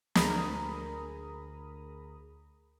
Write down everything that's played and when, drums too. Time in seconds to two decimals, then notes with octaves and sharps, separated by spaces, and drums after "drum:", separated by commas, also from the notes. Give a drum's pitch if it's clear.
0.15 D2 G#4 A#4 A#5 B5 D#6, drum: snare